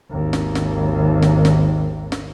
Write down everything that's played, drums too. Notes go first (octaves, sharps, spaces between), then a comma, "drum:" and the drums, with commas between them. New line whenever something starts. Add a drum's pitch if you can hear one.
G#1 D#2
drum: snare
drum: snare
drum: snare
drum: snare
drum: snare